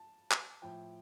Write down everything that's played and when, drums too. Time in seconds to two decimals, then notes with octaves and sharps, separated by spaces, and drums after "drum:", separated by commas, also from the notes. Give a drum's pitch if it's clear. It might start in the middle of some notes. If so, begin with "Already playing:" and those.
Already playing: A5
0.31 drum: clap
0.62 A2 F3 G5